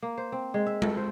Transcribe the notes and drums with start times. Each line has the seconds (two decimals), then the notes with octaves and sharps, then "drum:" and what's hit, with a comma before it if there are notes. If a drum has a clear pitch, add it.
0.02 A#3
0.17 C5
0.32 C4
0.54 G#3
0.67 E5
0.82 A4, drum: tom G#3
0.97 C5